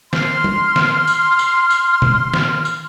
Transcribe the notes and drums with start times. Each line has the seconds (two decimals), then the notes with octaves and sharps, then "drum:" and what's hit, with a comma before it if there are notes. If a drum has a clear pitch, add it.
0.13 C6 F6, drum: snare
0.44 drum: tom
0.76 drum: snare
1.07 drum: tambourine
1.39 drum: tambourine
1.70 drum: tambourine
2.02 drum: tom
2.34 drum: snare
2.65 drum: tambourine